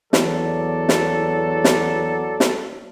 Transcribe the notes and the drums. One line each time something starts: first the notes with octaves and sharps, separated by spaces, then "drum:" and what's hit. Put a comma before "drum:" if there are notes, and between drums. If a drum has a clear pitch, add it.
E2 F#3 A4 D5, drum: snare
drum: snare
drum: snare
drum: snare